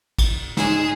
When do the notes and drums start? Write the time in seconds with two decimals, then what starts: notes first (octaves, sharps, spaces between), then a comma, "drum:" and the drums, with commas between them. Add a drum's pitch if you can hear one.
0.18 drum: kick, cymbal
0.57 G#2 G#4 E7, drum: snare